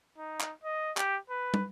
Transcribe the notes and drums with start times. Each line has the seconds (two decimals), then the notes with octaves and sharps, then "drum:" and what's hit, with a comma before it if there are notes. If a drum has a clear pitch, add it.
0.18 D#4
0.41 drum: clap
0.64 D#5
0.97 G4, drum: clap
1.30 B4
1.54 drum: tom